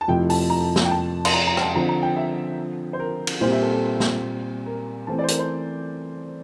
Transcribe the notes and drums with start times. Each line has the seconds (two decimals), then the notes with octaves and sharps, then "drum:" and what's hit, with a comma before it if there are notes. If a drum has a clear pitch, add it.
0.01 A5
0.08 F2 C3 F3 A3 E4 G5
0.30 A5, drum: open hi-hat
0.50 A#5
0.76 drum: snare
0.85 G5
0.91 A5
1.25 C6, drum: cymbal
1.33 A#5
1.47 A#5
1.57 G5, drum: rim click
1.61 A5
1.75 D3 F3 C4 A#5
1.89 A#5
2.02 G5
2.16 E5
2.93 C5
3.00 A#4
3.27 drum: cymbal
3.41 A#2 G3 C4 G4 C5
3.52 E5
3.62 A4
3.73 A4
4.00 drum: snare
4.66 A#4
5.07 E3 A3 C4 A5
5.19 D5
5.24 C5
5.28 A#4, drum: hi-hat
5.39 C5